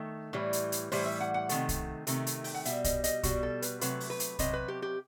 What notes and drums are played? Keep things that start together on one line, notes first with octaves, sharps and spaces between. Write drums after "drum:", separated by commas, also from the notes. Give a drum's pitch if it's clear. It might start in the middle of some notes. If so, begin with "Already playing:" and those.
Already playing: D#3 A3
A2 E3 G3
drum: hi-hat
drum: hi-hat
A2 E3 G3 C5, drum: open hi-hat
E5
F#5
F#5
C3 D#3 A3, drum: hi-hat
drum: kick, hi-hat
C3 D#3 A3, drum: hi-hat
drum: hi-hat
G5, drum: open hi-hat
F#5
B2 G3 E5, drum: hi-hat
D#5, drum: kick, hi-hat
D#5, drum: hi-hat
B2 G3 F#4, drum: kick, hi-hat
A4
B4, drum: hi-hat
C3 F#3 A3 B4, drum: hi-hat
drum: open hi-hat
B4
drum: hi-hat
C3 F#3 D#5, drum: kick, hi-hat
B4
G4
G4